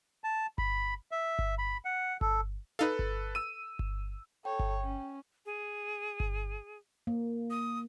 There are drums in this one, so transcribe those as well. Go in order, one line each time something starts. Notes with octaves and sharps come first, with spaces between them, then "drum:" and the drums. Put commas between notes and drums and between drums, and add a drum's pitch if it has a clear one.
A5
B5, drum: kick G1
E5
drum: kick G1
B5
F#5
A4, drum: kick G1
D#4 A4 B4 F5
drum: kick G1
E6 D#7
drum: kick G1
A4 C#5 G5
drum: kick G1
C#4
G#4
drum: kick G1
A#3
D#6